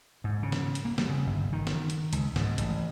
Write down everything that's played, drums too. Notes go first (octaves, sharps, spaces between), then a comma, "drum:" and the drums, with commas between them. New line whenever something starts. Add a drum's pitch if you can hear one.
G#2
C#3
drum: snare
drum: hi-hat
A#3
G3, drum: snare
C#3
G1
D#3
drum: snare
drum: hi-hat
C#2, drum: hi-hat
G#2, drum: snare
A1, drum: hi-hat